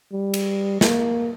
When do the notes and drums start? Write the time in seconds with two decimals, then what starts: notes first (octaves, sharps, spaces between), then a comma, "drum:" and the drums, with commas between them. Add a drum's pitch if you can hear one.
0.13 G3
0.34 drum: cymbal
0.81 A#3, drum: snare